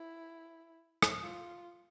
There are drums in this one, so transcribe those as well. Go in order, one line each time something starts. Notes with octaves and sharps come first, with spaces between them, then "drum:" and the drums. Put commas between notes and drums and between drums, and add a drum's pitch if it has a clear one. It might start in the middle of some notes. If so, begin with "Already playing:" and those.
Already playing: E4
drum: rim click
F4